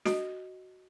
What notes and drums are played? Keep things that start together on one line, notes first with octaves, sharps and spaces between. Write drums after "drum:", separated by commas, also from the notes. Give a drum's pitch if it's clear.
F#4 D#5, drum: snare